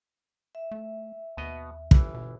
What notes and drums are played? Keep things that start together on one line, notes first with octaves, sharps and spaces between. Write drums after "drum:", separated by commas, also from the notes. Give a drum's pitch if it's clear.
E5
A3
D#2 B2 B3 D#5
G1 E3, drum: kick
B2